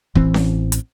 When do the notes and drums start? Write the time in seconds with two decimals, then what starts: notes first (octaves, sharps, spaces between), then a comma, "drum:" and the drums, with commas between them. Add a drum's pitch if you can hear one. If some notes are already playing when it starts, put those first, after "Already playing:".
0.15 A1 E3 C4, drum: kick
0.34 drum: snare C#4
0.72 drum: hi-hat